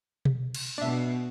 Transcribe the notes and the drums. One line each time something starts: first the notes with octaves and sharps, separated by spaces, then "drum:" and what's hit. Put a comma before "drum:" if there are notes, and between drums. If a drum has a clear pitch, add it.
drum: tom B2
drum: cymbal
B2 D4 E5